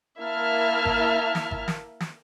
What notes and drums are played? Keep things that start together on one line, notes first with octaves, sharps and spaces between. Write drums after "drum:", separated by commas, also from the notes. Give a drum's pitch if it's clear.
A#3 E4 E5 A5 F6
drum: kick G#1
drum: snare
drum: kick G#1
drum: snare
drum: snare